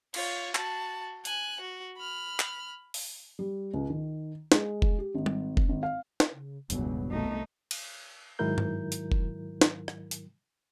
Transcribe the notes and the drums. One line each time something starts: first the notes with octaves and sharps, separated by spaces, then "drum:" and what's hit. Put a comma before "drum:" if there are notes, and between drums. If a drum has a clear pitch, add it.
F4 C#5, drum: cymbal
F#4 A5, drum: clap
G#5 F#6, drum: hi-hat
F#4
B5 F6
drum: clap
drum: open hi-hat
G3
C#2
D#3
G#3, drum: snare
drum: kick F1
G4
G#1
drum: tom G3
drum: kick F1
G#1
F5
drum: snare
C#3
E1 C#2 G2 B2 F#3 B3, drum: hi-hat
C2 A3 D#4
drum: cymbal
G#2 D#3 F#3 E4 A#4 G6
drum: tom G2
drum: hi-hat
drum: kick F1
drum: snare
drum: rim click
drum: hi-hat